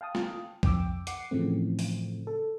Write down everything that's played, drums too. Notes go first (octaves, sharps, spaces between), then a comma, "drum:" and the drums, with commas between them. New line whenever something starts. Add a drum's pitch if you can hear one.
F5 G5 A5 D#6
drum: snare
F2 G5 D6 E6, drum: kick B1
F#5 D6 C7 C#7, drum: hi-hat
A2 C#3 E3 F3 A3 C4
drum: open hi-hat
A4